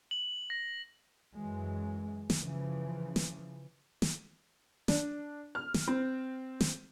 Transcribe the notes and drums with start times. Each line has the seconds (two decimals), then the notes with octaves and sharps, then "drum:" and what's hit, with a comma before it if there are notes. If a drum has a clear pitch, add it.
0.11 F#7
0.50 A#6
1.37 F#2 E3 F#3 G#3
2.30 drum: snare
2.39 C#3 E3 F3
3.16 drum: snare
4.02 drum: snare
4.88 D4, drum: snare
5.55 F6
5.74 drum: snare
5.88 C4
6.61 drum: snare